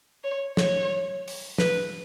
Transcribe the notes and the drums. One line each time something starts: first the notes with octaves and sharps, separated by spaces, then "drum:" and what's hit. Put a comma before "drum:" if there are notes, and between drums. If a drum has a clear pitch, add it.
C#5
C#5, drum: snare
drum: open hi-hat
B4, drum: snare